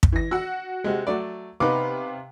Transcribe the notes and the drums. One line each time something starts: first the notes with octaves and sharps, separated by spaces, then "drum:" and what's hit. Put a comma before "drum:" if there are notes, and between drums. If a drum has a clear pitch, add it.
drum: kick
E3 A#6
F#4 F#5 E6
C3 G#3
F#3 A3 D5
C3 B3 D#4 B4 F5 D6